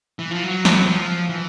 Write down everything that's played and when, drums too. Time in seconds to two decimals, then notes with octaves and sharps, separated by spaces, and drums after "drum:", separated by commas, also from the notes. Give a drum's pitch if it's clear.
0.19 E3
0.31 F3
0.43 F#3
0.65 drum: snare
0.86 F3
1.29 E3